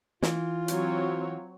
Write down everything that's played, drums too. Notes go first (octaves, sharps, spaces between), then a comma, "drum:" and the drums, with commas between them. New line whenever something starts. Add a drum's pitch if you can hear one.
E3 F4, drum: snare
F#3 C4 C#5, drum: hi-hat